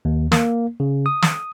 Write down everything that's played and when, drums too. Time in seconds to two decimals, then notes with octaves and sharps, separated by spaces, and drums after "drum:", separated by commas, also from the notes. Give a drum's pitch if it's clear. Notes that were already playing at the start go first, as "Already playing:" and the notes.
0.05 D#2
0.32 A#3, drum: snare
0.80 C#3
1.06 D#6
1.22 drum: snare